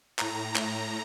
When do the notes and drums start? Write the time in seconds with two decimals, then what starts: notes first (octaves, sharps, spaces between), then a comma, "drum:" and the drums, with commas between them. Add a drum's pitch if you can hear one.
0.19 A2 A#5, drum: clap
0.55 drum: clap